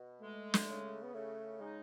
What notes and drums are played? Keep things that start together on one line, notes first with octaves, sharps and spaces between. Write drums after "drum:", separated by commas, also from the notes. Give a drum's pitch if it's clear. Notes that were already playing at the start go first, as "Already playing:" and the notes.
Already playing: B2
G#3 A3
drum: snare
C#3
B3
C#3 A3
G#3 D#4